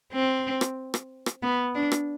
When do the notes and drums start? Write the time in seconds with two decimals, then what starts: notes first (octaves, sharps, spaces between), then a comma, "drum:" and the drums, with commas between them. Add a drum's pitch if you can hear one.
0.12 C4
0.61 drum: rim click
0.94 drum: rim click
1.26 drum: rim click
1.43 B3
1.75 D4
1.92 drum: rim click